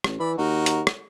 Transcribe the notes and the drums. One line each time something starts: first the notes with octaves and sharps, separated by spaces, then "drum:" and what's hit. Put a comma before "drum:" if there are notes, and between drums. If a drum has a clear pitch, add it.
A1, drum: rim click
E3 D5 B5
D#2 D#4 F#4 A#4
drum: hi-hat
drum: rim click